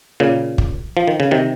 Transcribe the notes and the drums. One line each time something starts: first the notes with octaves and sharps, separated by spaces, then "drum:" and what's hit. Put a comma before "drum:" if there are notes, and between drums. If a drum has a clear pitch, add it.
A#2 C#3
drum: kick
F3
D#3
C#3
C3 D#3